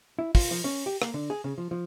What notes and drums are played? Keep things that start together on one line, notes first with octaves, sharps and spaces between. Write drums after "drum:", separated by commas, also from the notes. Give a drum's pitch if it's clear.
E4
F4, drum: kick, open hi-hat
F3
C#4
G4
A#3, drum: rim click
D3
G#4
C#3
F3
F3